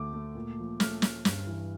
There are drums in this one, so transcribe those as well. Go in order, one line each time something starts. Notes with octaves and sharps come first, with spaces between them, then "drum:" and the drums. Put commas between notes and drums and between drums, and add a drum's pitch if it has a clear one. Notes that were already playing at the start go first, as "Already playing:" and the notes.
Already playing: D2 D3 A3 D6
A3
A#2
F3
A3 F6, drum: snare
A3, drum: snare
G2, drum: snare
E3